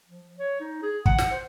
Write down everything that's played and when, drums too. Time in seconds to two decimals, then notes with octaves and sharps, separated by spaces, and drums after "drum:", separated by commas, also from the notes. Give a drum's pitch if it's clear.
0.06 F3
0.39 C#5
0.60 D#4
0.82 G#4
1.06 F#5, drum: kick
1.18 drum: snare
1.31 C5